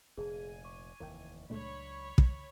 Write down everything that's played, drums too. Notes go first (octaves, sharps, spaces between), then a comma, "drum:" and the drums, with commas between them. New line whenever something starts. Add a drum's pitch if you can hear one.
F1 A#2 G#4 G#5
C#6 D6
F1 D#2 E3 A#4 G5
C#2 A#2 F#3 G#3 A3 D4 C#5 B5
drum: kick